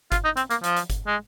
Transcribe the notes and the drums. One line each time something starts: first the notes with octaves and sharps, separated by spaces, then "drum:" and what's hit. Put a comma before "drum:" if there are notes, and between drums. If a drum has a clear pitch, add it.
F4, drum: kick G1, hi-hat
D#4
C4, drum: hi-hat
A#3, drum: hi-hat
F3, drum: hi-hat
drum: hi-hat
drum: kick G1, hi-hat
G#3